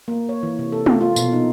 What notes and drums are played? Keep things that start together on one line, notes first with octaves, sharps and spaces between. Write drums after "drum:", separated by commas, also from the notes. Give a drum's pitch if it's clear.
A#3
C#5
E3
C3
A4
F4, drum: tom
F4
B2, drum: tambourine
D#4